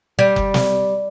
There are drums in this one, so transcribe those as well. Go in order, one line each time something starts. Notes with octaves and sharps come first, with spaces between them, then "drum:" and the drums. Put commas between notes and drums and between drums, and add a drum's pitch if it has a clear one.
G3
drum: kick F#1
drum: snare